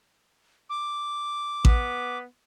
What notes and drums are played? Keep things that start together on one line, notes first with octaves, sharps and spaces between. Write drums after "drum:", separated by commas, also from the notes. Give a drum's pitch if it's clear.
D6
B3, drum: kick A1